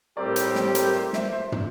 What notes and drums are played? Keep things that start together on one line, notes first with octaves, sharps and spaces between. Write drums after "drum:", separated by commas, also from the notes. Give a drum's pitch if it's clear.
A2 G3 C4 G4 A#4 D5
drum: hi-hat
C5
drum: snare
A#4, drum: hi-hat
C5
C5 E5, drum: snare
C5
drum: tom